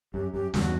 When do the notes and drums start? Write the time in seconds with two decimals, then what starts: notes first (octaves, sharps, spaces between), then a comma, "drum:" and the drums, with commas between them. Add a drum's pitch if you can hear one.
0.13 F#2 G4
0.33 F#2 G4
0.54 E2 G2 F#4, drum: snare